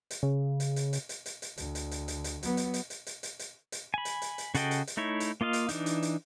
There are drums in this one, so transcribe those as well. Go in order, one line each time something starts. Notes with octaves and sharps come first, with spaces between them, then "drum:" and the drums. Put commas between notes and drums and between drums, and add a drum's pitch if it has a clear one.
drum: hi-hat
C#3
drum: hi-hat
drum: hi-hat
drum: hi-hat
drum: hi-hat
drum: hi-hat
drum: hi-hat
D2, drum: hi-hat
drum: hi-hat
drum: hi-hat
drum: hi-hat
drum: hi-hat
F#3 B3, drum: hi-hat
drum: hi-hat
drum: hi-hat
drum: hi-hat
drum: hi-hat
drum: hi-hat
drum: hi-hat
drum: hi-hat
G#5 B5
drum: hi-hat
drum: hi-hat
drum: hi-hat
C#3 F#4 A4 D#5 G5, drum: hi-hat
drum: hi-hat
drum: hi-hat
A3 D#4 E4 C#5
drum: hi-hat
A#3 F4 D#5 F5
drum: hi-hat
E3 D4 D#4, drum: hi-hat
drum: hi-hat
drum: hi-hat